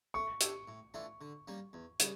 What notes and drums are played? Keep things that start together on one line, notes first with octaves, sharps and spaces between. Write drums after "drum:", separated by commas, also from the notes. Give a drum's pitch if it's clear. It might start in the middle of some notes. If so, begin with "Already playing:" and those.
A3 C#6
D4 G4 C#5 E5, drum: hi-hat
A2
E3 A3 D4 F4
D3
G3 A#3 C#4
E2
C#3 G3 C#4, drum: hi-hat